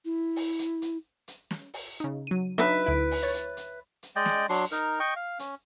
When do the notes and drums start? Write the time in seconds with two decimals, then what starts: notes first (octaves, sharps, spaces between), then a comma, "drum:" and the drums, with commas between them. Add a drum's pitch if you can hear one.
0.05 E4
0.36 drum: open hi-hat
0.59 drum: hi-hat
0.82 drum: hi-hat
1.28 drum: hi-hat
1.51 drum: snare
1.74 drum: open hi-hat
2.00 C#3 D#4
2.27 F#3 D#7
2.58 F#3 D4 D#4 B4 E5
2.85 D2 E4 D7
3.11 drum: open hi-hat
3.22 C#5 A6
3.34 drum: hi-hat
3.57 drum: hi-hat
4.03 drum: hi-hat
4.16 G#3 D5 D#5 G5
4.26 drum: snare
4.49 F#3 D4 C6, drum: open hi-hat
4.71 D#4 A#4, drum: hi-hat
5.00 D#5 G5 C#6
5.16 F5
5.39 C#4, drum: hi-hat